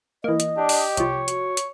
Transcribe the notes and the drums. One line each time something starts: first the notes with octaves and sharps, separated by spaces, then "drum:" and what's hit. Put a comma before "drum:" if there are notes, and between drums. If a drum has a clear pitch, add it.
E3 A#3 D#5
drum: hi-hat
D4 G4
drum: open hi-hat
C2 F3 C#5, drum: hi-hat
F#4, drum: hi-hat
drum: hi-hat